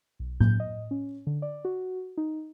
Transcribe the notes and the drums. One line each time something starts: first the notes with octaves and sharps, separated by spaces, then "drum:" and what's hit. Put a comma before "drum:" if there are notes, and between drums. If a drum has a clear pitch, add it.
B1
G6, drum: tom A2
D#5
C#4
D3
D5
F#4
D#4